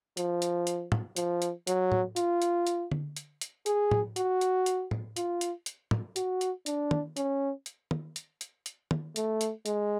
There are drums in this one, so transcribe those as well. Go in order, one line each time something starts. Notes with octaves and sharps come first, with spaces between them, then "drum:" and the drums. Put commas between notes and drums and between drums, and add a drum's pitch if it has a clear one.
F3, drum: hi-hat
drum: hi-hat
drum: hi-hat
drum: tom
F3, drum: hi-hat
drum: hi-hat
F#3, drum: hi-hat
drum: tom A2
F4, drum: hi-hat
drum: hi-hat
drum: hi-hat
drum: tom D3
drum: hi-hat
drum: hi-hat
G#4, drum: hi-hat
drum: tom A2
F#4, drum: hi-hat
drum: hi-hat
drum: hi-hat
drum: tom A2
F4, drum: hi-hat
drum: hi-hat
drum: hi-hat
drum: tom
F#4, drum: hi-hat
drum: hi-hat
D4, drum: hi-hat
drum: tom
C#4, drum: hi-hat
drum: hi-hat
drum: tom
drum: hi-hat
drum: hi-hat
drum: hi-hat
drum: tom
A3, drum: hi-hat
drum: hi-hat
G#3, drum: hi-hat